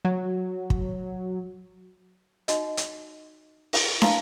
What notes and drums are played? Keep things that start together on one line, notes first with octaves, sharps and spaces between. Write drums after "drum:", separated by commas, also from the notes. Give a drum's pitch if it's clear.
F#3
drum: kick
D#4 F#4 D#5, drum: hi-hat
drum: hi-hat
drum: open hi-hat
E4 B4 F5 A5, drum: snare